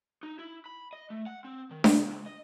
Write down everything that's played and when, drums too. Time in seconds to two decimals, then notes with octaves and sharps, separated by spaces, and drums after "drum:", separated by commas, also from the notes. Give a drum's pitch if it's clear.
0.23 D#4
0.39 E4
0.66 B5
0.93 D#5
1.10 A3
1.26 F#5
1.45 C4
1.71 D#3
1.84 C3, drum: snare D4
2.08 C#2
2.26 D#5